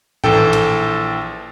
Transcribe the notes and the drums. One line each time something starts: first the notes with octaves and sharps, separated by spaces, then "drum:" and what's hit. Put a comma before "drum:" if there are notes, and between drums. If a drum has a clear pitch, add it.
A#1 E3 A4 G5, drum: tom A2
drum: cymbal